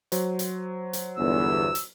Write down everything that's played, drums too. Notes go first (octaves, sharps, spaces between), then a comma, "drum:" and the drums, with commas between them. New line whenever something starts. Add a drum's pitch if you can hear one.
F#3 C5, drum: hi-hat
drum: hi-hat
drum: hi-hat
G1 E2 E6
drum: hi-hat